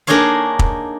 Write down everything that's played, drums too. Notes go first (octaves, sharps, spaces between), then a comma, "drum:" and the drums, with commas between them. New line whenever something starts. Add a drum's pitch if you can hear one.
A#3 D4 D#4 G#4 C#5 F5
drum: kick